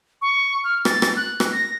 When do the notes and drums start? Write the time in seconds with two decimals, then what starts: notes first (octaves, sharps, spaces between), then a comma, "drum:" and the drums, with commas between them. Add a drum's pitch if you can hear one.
0.22 C#6
0.64 F6
0.85 A6, drum: rim click
1.02 drum: rim click
1.17 F#6
1.40 drum: rim click
1.52 A#6